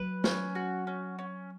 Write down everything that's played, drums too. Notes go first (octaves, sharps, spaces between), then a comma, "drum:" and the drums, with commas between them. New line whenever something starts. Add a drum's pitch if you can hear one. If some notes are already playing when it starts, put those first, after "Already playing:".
Already playing: F#3 B4
C#4, drum: snare
F#4
C#4
C#4